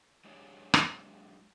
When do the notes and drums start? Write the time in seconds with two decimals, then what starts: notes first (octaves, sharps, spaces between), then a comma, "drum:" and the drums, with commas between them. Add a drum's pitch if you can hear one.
0.25 F#3 G#3 D4 E4 G4 C#5
0.74 drum: rim click